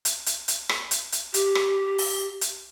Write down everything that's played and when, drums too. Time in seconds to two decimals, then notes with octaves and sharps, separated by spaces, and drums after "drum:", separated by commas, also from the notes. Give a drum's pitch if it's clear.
0.05 drum: hi-hat
0.26 drum: hi-hat
0.48 drum: hi-hat
0.69 drum: rim click
0.91 drum: hi-hat
1.12 drum: hi-hat
1.34 G4, drum: hi-hat
1.55 drum: rim click
1.98 drum: open hi-hat
2.41 drum: hi-hat